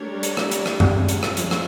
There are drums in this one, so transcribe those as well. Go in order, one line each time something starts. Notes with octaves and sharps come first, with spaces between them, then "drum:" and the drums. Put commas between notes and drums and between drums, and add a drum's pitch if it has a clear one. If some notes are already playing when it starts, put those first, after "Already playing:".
Already playing: A3 D4 G4 A#4 C#5
G3
drum: hi-hat
drum: rim click
drum: hi-hat
drum: rim click
drum: tom F#2
G#3 C#4 F4
drum: hi-hat
drum: rim click
F3, drum: hi-hat
drum: rim click